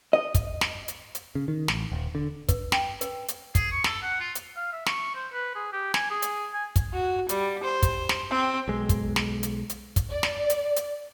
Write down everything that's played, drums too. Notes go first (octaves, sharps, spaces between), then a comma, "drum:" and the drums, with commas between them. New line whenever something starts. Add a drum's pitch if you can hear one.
D#5
drum: kick, hi-hat
drum: snare
drum: hi-hat
drum: hi-hat
C#3
D#3
A1, drum: snare
D#1
D3
B4, drum: kick, hi-hat
G5, drum: snare
B4, drum: hi-hat
drum: hi-hat
G#4, drum: kick, hi-hat
C#6
A4, drum: snare
F#5
F4
drum: hi-hat
F5
E5
C#6, drum: snare
C5
B4
G#4
G4
G#5, drum: snare
G#4
drum: hi-hat
G#5
drum: kick, hi-hat
F#4
G3, drum: hi-hat
C5
drum: kick, hi-hat
drum: snare
C4
B1 G#3
drum: kick, hi-hat
drum: snare
drum: hi-hat
drum: hi-hat
drum: kick, hi-hat
D5
drum: snare
drum: hi-hat
drum: hi-hat